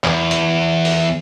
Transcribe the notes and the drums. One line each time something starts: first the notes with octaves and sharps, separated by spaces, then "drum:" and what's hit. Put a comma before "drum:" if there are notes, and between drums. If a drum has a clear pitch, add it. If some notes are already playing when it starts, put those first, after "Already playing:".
E2, drum: clap
drum: hi-hat
drum: open hi-hat